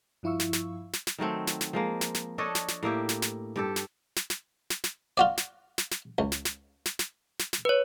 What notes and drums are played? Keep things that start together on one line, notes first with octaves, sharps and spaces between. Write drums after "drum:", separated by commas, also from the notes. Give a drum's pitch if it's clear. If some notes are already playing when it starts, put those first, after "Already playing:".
G2 F3 E4 F5 C#6 E6
drum: snare
drum: snare
drum: snare
drum: snare
D#3 F#3 A3 C4
drum: snare
drum: snare
F3 G#3 A#3
drum: snare
drum: snare
D4 A4 C#5 D#5
drum: snare
drum: snare
A2 A#3 E4 G4
drum: snare
drum: snare
G2 G4 A4
drum: snare
drum: snare
drum: snare
drum: snare
drum: snare
F4 F#4 D5
drum: snare
drum: snare
drum: snare
C#2
drum: snare
drum: snare
drum: snare
drum: snare
drum: snare
drum: snare
B4 C#5